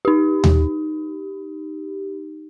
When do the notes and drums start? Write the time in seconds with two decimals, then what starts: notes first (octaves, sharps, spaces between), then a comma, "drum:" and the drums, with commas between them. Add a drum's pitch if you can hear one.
0.05 D#4 G4
0.44 drum: tom D#2